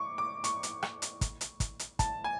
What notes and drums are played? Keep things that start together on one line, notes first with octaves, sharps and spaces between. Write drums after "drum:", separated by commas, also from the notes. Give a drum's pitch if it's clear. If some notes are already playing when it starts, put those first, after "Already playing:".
Already playing: C#6 D6
D6
C#6, drum: hi-hat
drum: hi-hat
drum: rim click
drum: hi-hat
drum: kick, hi-hat
drum: hi-hat
drum: kick, hi-hat
drum: hi-hat
A5, drum: kick, hi-hat
G#5